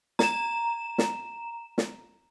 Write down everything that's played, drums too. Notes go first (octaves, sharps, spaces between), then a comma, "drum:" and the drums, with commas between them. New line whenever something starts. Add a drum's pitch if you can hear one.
A#5 E7, drum: snare
drum: snare
drum: snare